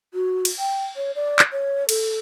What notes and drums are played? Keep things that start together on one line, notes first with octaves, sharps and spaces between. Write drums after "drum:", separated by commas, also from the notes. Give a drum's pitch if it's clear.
F#4
drum: cymbal
G5
C#5
D5
drum: clap
C#5
A4, drum: cymbal